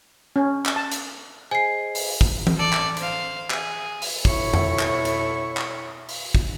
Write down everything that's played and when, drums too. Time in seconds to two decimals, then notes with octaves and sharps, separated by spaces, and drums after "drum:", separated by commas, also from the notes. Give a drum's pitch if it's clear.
0.36 C#4
0.66 drum: clap
0.76 A5
0.92 drum: hi-hat
1.51 G#4 C5 D#5 G#5 C7
1.95 drum: open hi-hat
2.21 drum: kick
2.47 drum: tom E3
2.57 A4 D5
2.73 drum: clap
2.97 C5 F5, drum: hi-hat
3.50 G#4, drum: clap
4.02 drum: open hi-hat
4.25 B2 E4 A4 C#5 C#6, drum: kick
4.54 drum: tom F2
4.79 drum: clap
5.05 drum: hi-hat
5.57 drum: clap
6.09 drum: open hi-hat
6.35 drum: kick